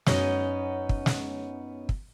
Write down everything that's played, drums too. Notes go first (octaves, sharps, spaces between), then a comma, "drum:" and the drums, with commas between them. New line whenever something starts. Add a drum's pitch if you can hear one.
F#2 B3 C#4 D#4 D#5, drum: snare
drum: kick
drum: snare
drum: kick